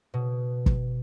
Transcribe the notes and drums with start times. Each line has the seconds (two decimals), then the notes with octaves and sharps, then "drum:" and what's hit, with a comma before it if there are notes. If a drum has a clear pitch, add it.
0.14 B2
0.66 drum: kick